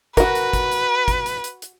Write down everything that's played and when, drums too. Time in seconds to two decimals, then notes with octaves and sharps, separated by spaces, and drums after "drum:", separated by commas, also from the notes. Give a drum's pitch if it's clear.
0.17 F#4 A#4 B4, drum: kick, hi-hat
0.35 drum: hi-hat
0.53 drum: kick, hi-hat
0.72 drum: hi-hat
1.08 drum: kick, hi-hat
1.26 drum: hi-hat
1.44 drum: hi-hat
1.62 drum: hi-hat